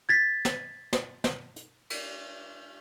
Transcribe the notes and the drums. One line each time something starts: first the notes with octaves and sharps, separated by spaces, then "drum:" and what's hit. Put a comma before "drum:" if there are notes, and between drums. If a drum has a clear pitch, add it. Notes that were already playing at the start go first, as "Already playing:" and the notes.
G#6 A6 B6
drum: snare
drum: snare
drum: snare
drum: hi-hat
drum: cymbal